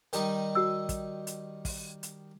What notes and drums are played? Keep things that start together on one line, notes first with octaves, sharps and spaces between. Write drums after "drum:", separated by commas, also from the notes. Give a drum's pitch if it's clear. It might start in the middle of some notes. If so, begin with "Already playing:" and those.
D#3 G3 D#4, drum: hi-hat
F#4 E6
drum: kick, hi-hat
drum: hi-hat
drum: kick, open hi-hat
drum: hi-hat